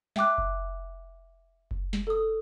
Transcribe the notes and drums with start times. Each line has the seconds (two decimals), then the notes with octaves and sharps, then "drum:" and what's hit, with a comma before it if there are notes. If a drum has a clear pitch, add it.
0.16 E5 G5 D6 F#6, drum: snare
0.38 drum: kick F#1
1.71 drum: kick F#1
1.93 drum: snare
2.07 A4 D#6